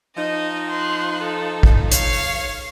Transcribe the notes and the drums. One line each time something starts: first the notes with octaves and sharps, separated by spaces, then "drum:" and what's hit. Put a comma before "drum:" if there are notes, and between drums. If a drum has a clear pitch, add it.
F3 D#4 D#5
C6 F#6
A4
drum: kick
C#5 F5, drum: hi-hat
drum: open hi-hat